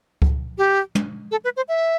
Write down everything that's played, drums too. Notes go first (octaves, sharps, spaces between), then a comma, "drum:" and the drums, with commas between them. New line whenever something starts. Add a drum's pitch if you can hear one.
drum: kick C#2
G4
drum: tom
A4
B4
C5
E5